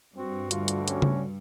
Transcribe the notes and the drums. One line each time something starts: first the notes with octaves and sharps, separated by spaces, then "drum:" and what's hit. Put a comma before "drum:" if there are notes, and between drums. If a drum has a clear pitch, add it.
G2 C4 F#4
D2 D3 G3 F4, drum: hi-hat
drum: hi-hat
C#4, drum: hi-hat
drum: tom C#3